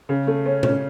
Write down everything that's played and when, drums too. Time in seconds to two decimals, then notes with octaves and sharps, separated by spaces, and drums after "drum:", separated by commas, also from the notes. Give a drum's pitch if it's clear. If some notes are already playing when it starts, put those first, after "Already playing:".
0.09 C#3
0.27 A3
0.46 C#4
0.63 C#4, drum: tom A#2